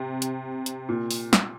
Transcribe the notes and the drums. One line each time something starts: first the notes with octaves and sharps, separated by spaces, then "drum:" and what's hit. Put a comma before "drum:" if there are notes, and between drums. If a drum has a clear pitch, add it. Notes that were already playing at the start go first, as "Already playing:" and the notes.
Already playing: C3
drum: hi-hat
drum: hi-hat
A#2
drum: open hi-hat
drum: snare